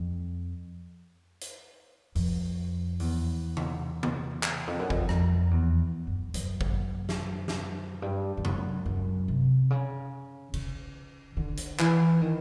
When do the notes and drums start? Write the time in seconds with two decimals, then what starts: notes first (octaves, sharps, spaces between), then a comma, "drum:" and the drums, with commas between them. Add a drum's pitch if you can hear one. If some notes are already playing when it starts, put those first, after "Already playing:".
Already playing: F2
1.41 drum: hi-hat
2.15 F2, drum: open hi-hat
3.00 E2, drum: open hi-hat
3.57 drum: tom C3
4.03 drum: tom C3
4.43 drum: clap
4.67 F2
4.79 F#2
4.90 F2, drum: kick G#1
5.09 F2, drum: rim click
5.51 E2
6.07 F#2
6.34 F#2, drum: hi-hat
6.61 drum: kick G#1
7.09 drum: snare
7.48 drum: snare
8.02 G2
8.37 G2
8.45 F#2, drum: tom C3
8.86 F#2
9.28 C3
9.70 C#3
10.54 C#3, drum: cymbal
11.37 D3
11.57 drum: hi-hat
11.79 E3, drum: clap
12.21 D#3